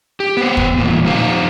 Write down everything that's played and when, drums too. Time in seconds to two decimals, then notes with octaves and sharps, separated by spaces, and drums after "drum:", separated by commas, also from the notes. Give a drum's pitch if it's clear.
0.20 G4
0.37 B3 C5
0.57 drum: kick
0.78 E2 A#2
1.05 F3 D#4 G4 C5 F5